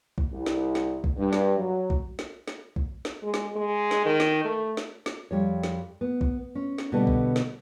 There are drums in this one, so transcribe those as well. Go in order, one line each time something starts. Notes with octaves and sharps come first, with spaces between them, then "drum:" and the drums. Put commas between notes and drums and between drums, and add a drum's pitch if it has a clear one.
drum: kick A#1
C2
drum: snare
drum: snare
drum: kick A#1
G2
drum: snare
F#3
drum: kick A#1
drum: snare
drum: snare
drum: kick A#1
drum: snare
G#3
drum: snare
G#3
drum: snare
D#3
drum: snare
A3
drum: snare
drum: snare
F2 G3 C#5
drum: snare
B3
drum: kick A#1
C#4
drum: snare
B2 D3 G3 B3 A4
drum: kick A#1
drum: snare